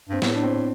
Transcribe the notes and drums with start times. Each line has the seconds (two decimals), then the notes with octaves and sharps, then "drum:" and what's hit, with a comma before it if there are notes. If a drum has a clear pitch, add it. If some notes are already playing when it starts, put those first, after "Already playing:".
0.09 G2 C4
0.22 A2 B3, drum: snare
0.35 D4
0.43 C4